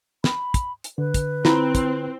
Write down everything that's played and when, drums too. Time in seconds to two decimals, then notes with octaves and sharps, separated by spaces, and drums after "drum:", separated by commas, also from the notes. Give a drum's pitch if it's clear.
0.24 B5, drum: snare
0.54 drum: kick, hi-hat
0.84 drum: hi-hat
0.98 D3 B4
1.14 drum: kick, hi-hat
1.45 C4 E4 F4, drum: snare
1.75 drum: kick, hi-hat